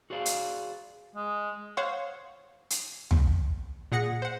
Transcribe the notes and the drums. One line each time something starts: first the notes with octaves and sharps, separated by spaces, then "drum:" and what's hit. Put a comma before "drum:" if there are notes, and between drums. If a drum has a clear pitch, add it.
F#4 G#4 C5 D5 F5
drum: hi-hat
G#3
C5 C#5 F5 F#5 C6 C#6
drum: hi-hat
drum: tom
A#2 G#4 F#5 A#6 C#7
C5 F#5